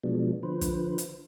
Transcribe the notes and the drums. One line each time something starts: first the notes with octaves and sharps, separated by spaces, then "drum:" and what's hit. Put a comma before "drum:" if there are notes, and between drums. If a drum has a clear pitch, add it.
B2 F3 F#3 G#3 B3 D4
D3 F3 B4 C5
drum: kick, hi-hat
drum: hi-hat